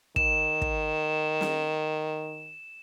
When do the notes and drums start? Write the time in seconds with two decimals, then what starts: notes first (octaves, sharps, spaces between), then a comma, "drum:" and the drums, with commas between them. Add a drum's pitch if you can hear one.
0.16 D#3 E7, drum: kick
0.62 drum: kick
1.41 drum: snare